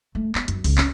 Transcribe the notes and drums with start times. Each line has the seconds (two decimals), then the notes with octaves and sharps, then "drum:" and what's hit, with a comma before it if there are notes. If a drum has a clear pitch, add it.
0.15 A3
0.35 B3, drum: clap
0.48 F#2, drum: hi-hat
0.64 C#2, drum: open hi-hat
0.78 C#4, drum: clap